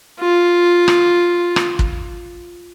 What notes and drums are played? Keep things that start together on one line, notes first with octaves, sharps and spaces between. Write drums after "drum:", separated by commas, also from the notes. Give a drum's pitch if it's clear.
F4
drum: rim click
drum: rim click
drum: kick